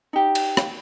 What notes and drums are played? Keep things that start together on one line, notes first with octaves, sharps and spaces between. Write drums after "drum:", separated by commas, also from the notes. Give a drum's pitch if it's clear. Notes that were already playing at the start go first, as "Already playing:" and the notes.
D#4 G4
drum: cymbal
drum: rim click